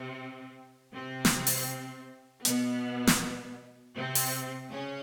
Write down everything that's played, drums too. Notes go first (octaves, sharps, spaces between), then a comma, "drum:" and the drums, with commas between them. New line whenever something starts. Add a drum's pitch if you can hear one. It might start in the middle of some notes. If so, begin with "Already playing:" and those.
Already playing: C3 C4
C3 C4
drum: snare
drum: open hi-hat
B2 B3, drum: hi-hat
drum: snare
C3 C4
drum: open hi-hat
C#3 C#4